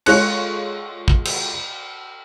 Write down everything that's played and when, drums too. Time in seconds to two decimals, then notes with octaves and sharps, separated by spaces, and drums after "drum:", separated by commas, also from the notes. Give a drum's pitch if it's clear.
0.06 G#3 F4 A4 C#5 F#6 C#7, drum: cymbal
1.08 drum: kick
1.25 drum: cymbal